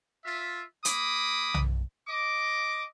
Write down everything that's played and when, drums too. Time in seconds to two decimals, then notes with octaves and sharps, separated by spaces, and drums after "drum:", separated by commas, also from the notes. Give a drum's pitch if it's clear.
0.25 F4 E5
0.85 A#3 B5 D6 D#6, drum: hi-hat
1.54 drum: tom B1
2.08 D#5 D6